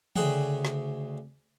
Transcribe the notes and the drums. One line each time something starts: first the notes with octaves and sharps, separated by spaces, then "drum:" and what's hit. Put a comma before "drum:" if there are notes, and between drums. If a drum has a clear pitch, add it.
D2 C#3 G#4 F#5 G5, drum: tom E3
drum: snare